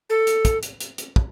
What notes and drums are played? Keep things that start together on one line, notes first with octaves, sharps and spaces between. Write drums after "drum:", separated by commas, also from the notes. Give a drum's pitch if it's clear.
A4
drum: hi-hat
drum: kick, hi-hat
drum: hi-hat
drum: hi-hat
drum: hi-hat
drum: kick